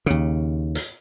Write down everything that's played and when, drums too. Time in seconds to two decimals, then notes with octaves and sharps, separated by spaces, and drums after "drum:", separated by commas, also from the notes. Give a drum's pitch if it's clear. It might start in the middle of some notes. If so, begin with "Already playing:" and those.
0.06 D#2 C#3
0.75 drum: hi-hat